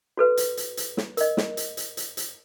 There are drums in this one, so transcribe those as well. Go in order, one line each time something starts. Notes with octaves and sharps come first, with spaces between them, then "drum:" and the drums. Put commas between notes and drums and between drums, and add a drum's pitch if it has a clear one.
F#4 A4 B4
drum: hi-hat
drum: hi-hat
drum: hi-hat
drum: snare
A#4 D#5, drum: hi-hat
drum: snare
drum: hi-hat
drum: hi-hat
drum: hi-hat
drum: hi-hat